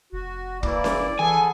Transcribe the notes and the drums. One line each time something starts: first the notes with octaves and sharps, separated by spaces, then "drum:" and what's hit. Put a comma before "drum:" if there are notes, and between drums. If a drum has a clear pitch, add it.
F1 F#4
E3 A#3 E4 D5, drum: kick
drum: snare C#4
E3 B3 G#4 A4 G#5